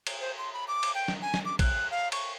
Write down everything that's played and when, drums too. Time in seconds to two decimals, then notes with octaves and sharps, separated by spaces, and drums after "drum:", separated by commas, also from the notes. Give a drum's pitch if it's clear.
0.07 drum: cymbal
0.21 C5
0.38 C6
0.53 B5
0.68 D6
0.83 drum: cymbal
0.95 G5
1.08 drum: snare
1.22 G#5
1.34 drum: snare
1.45 D6
1.59 F#6, drum: kick, cymbal
1.91 F5
2.12 C#6, drum: cymbal